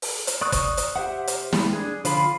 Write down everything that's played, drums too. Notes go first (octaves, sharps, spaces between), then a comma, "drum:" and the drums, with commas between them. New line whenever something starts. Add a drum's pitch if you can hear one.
drum: open hi-hat
drum: hi-hat
D5 C#6 D#6 F#6
drum: kick, hi-hat
drum: hi-hat
G4 C5 E5 F#5
drum: hi-hat
G3 G#3, drum: snare
D4 G#4
D3 F3 F4 B5, drum: hi-hat